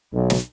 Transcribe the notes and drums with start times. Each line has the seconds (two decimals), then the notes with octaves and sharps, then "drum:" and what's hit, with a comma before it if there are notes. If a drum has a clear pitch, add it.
0.14 B1
0.30 drum: snare